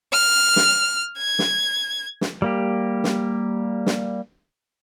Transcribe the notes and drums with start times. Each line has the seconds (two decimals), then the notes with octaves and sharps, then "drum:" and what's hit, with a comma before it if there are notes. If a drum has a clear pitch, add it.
0.13 F6
0.56 drum: snare
1.18 G#6
1.39 drum: snare
2.21 drum: snare
2.42 G3 A#3 G4
3.04 drum: snare
3.86 drum: snare